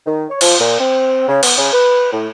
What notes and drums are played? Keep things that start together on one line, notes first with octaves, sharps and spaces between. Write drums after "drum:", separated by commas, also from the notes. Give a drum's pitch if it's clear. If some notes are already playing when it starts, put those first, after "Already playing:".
D#3
C#5
F3, drum: cymbal
A#2
C4
C#3
B3, drum: cymbal
C#3
B4
A2